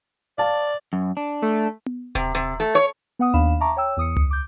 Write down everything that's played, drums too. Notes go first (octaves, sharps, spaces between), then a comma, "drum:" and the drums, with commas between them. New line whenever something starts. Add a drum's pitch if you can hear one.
D5 F5 A5
F#2
D4
A3
drum: tom B3
C3, drum: kick D#1, hi-hat
C3
A3
C#5
B3 F#5 D#6
D#2 D4 F5 B5 E7
E5 A5 A#5 C#6 D6
C#5 G5 E6
E2 D#6 C#7
drum: tom C#2
D6 G6